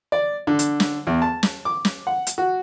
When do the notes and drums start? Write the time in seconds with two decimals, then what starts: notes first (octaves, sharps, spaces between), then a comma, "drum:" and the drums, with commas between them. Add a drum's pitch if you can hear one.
0.12 D5
0.47 D3
0.59 drum: hi-hat
0.80 drum: snare
1.07 E2
1.22 A5
1.43 drum: snare
1.65 D6
1.85 drum: snare
2.07 F#5
2.27 drum: hi-hat
2.38 F#4